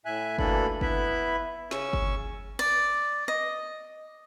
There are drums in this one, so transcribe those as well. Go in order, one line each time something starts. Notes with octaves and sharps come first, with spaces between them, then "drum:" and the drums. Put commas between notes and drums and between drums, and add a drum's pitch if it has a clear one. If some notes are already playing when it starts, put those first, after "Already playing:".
A2 E5 G#5 F#6
D2 E3 A#3 D4 A4 B5, drum: kick G1
B3 E4 B4 E5 B5, drum: kick G1
C#3 C#4 C#6 E6, drum: snare
drum: kick G1
D5, drum: cymbal
D#5